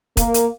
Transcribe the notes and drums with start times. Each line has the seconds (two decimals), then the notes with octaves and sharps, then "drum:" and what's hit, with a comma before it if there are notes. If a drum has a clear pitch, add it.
0.17 A#3, drum: kick, hi-hat
0.34 drum: hi-hat